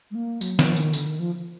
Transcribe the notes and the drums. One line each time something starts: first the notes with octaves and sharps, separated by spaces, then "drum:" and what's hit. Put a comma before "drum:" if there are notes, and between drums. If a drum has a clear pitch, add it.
G#3
A#3
F#3, drum: tambourine
F3, drum: snare
D#3, drum: tambourine
D3, drum: tambourine
D#3
F3